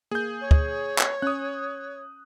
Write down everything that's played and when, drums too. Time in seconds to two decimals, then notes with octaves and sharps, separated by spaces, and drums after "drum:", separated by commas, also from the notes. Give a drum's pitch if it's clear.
0.11 A#3 G#4 G6
0.40 C#5
0.51 drum: kick
0.99 drum: clap
1.22 C#4 D#6 F#6